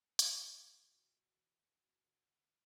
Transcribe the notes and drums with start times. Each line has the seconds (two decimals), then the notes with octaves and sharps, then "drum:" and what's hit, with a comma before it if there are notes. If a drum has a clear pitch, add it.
0.19 B2 A4, drum: hi-hat
0.42 E2
0.65 E2
0.88 B2
1.11 B2
1.34 E2
1.58 E2
1.81 B2
2.04 D3
2.27 D2